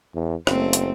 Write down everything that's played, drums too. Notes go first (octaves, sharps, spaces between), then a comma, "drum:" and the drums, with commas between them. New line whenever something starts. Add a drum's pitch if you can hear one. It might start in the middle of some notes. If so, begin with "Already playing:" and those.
E2
F#1 A3 C4, drum: rim click
drum: hi-hat